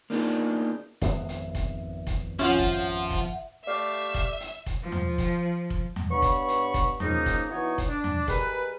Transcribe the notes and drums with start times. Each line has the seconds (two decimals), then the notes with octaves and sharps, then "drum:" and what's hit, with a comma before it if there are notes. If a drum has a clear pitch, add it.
0.10 A#3 B3 D4 D#4 F4 G#4
1.02 G#1 F2 B3 E5, drum: kick F1, hi-hat
1.29 drum: hi-hat
1.55 drum: kick F1, hi-hat
2.07 drum: kick F1, hi-hat
2.39 F3 C#4 F4 E5 F#5
2.59 drum: kick F1, hi-hat
3.11 drum: kick F1, hi-hat
3.67 A3 G4 D5 E5 F5
4.14 drum: kick F1, hi-hat
4.40 drum: hi-hat
4.66 drum: kick F1, hi-hat
4.83 F3
4.92 drum: tom D#2
5.18 drum: kick F1, hi-hat
5.70 drum: kick F1
5.96 drum: tom D#2
6.11 G2 B3 C#5 B5 C#6
6.22 drum: kick F1, hi-hat
6.48 drum: hi-hat
6.74 drum: kick F1, hi-hat
7.00 C#3 F3 A#3 D#4, drum: tom D#2
7.26 drum: kick F1, hi-hat
7.49 E3 B3 D#4 F#4 C#5
7.78 drum: kick F1, hi-hat
7.88 D4
8.04 drum: tom D#2
8.28 G3 G#3 A#4 B4, drum: kick F1, hi-hat